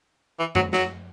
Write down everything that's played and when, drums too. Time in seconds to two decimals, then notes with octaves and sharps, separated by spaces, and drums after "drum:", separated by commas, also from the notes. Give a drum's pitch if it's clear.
0.40 E3
0.55 F#3, drum: tom F#2
0.73 F#3, drum: snare